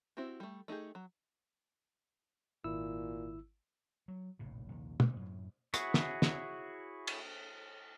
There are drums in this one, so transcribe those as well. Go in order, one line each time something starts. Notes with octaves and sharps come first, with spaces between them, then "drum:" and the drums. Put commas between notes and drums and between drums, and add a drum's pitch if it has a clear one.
C4 E4 F#4 G4
G3 A3
A3 D#4 G4 G#4
F#3
G#1 A#2 E4 E6
F#3
F1 A#1 A2 C#3
A#1 D#2 C3 D#3
A#2 D3, drum: tom
F#2 A2
E4 F#4 G#4 C#5, drum: hi-hat
drum: snare
drum: snare
drum: cymbal